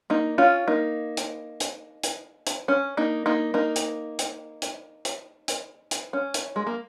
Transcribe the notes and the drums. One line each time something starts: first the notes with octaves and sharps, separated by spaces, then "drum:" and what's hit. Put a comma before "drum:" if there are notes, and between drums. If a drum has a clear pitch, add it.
A#3 D#4
C#4 F4
A#3 D#4
drum: hi-hat
drum: hi-hat
drum: hi-hat
drum: hi-hat
C#4
A#3 D#4
A#3 D#4
A#3 D#4
drum: hi-hat
drum: hi-hat
drum: hi-hat
drum: hi-hat
drum: hi-hat
drum: hi-hat
C#4
drum: hi-hat
G#3
A#3